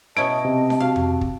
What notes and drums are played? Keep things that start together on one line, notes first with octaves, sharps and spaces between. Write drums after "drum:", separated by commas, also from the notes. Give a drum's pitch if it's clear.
B2 C#4 E4 D#5 A5 D7
C3
drum: snare D4
F#4 F5
drum: tom F2
drum: kick